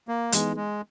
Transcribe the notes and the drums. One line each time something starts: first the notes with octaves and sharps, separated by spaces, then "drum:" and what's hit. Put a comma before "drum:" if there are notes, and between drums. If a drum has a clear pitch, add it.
A#3
E3 G#3 B3 D#4 G#4, drum: hi-hat
G#3